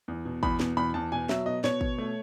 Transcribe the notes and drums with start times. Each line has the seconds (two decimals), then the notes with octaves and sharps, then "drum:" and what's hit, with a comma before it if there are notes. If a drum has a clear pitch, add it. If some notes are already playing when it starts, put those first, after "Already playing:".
0.08 E2
0.25 B2
0.43 E2 B5, drum: kick
0.60 B2, drum: snare
0.77 E2 B5
0.94 E2 A5
1.12 B2 G#5
1.29 F#3 E5, drum: snare
1.46 B2 D#5
1.64 B2 C#5, drum: snare
1.81 B2, drum: kick
1.98 A3